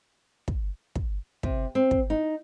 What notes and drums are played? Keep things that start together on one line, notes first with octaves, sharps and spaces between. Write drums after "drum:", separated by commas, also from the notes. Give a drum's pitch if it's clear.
drum: kick
drum: kick
C3, drum: kick
C4
drum: kick
D#4